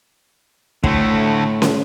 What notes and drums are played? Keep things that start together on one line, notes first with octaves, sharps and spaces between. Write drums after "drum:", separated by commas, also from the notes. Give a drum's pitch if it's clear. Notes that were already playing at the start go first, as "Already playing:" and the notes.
A2 D3 A3, drum: kick
drum: snare